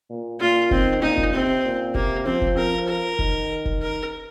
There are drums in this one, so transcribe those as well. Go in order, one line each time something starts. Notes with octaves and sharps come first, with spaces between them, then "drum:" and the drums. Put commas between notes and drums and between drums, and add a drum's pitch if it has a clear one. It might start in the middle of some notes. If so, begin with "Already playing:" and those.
A#2
A#2 F4
D#3 C4, drum: kick F1
A#2 D#4
drum: kick F1
C3 C4
A#2
C3 A#3, drum: kick F1
F3 C4
drum: kick F1
A#4
A#4
D#3, drum: kick F1
drum: kick F1
A#4